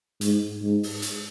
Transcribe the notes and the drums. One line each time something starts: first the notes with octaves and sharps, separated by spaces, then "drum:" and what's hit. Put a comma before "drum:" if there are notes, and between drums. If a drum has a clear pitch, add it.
G#2, drum: hi-hat
G#2
drum: open hi-hat
drum: hi-hat